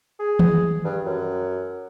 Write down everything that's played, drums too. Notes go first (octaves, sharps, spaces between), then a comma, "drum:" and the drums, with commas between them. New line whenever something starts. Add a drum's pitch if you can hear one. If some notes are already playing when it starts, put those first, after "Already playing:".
G#4
drum: tom D#3
G2
F#2